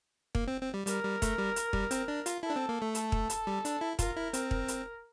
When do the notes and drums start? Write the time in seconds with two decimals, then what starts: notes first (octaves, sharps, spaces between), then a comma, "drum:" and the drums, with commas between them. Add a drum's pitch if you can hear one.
0.35 A#3, drum: kick
0.48 C4
0.61 C4
0.74 G3
0.87 G3 A#4, drum: hi-hat
1.04 G3
1.22 A3, drum: kick, hi-hat
1.38 G3
1.56 drum: hi-hat
1.73 G3, drum: kick
1.91 C4, drum: hi-hat
2.08 D4
2.26 F4, drum: hi-hat
2.43 E4 A4
2.50 D4
2.56 C4
2.69 A#3
2.82 A3
2.95 A4, drum: hi-hat
3.12 drum: kick
3.30 drum: hi-hat
3.47 G3
3.65 D4, drum: hi-hat
3.81 E4
3.99 F4 A#4, drum: kick, hi-hat
4.17 E4
4.33 C4, drum: hi-hat
4.51 drum: kick
4.68 drum: hi-hat